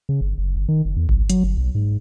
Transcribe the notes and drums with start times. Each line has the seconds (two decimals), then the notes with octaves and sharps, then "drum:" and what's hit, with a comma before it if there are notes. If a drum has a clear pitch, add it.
0.09 C#3
0.21 G1
0.38 F#1
0.56 G1
0.69 D#3
0.85 F#1
0.96 E2
1.09 B1, drum: kick G1
1.29 F#3, drum: hi-hat
1.44 G1
1.57 B1
1.75 G#2